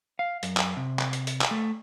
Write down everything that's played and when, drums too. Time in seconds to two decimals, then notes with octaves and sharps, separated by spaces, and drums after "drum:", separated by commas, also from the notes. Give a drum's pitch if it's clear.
0.19 F5
0.43 F#2, drum: hi-hat
0.57 drum: clap
0.77 C3
0.99 drum: clap
1.13 drum: hi-hat
1.27 drum: hi-hat
1.41 drum: clap
1.51 A3